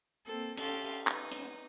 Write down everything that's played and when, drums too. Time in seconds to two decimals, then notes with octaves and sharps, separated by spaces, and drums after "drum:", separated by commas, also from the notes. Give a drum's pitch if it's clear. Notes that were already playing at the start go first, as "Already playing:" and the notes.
0.25 A#3 C4 A4
0.58 C#4 G4 A4 F5 C6, drum: hi-hat
0.82 drum: open hi-hat
1.07 D#4 B4, drum: clap
1.32 drum: hi-hat